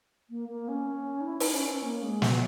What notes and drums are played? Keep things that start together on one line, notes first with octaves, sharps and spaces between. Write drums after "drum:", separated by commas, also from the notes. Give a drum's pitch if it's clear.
A#3
A#3
C#4
D#4
E4
D#4, drum: open hi-hat
C#4
C#4
A#3
G#3
F#3, drum: snare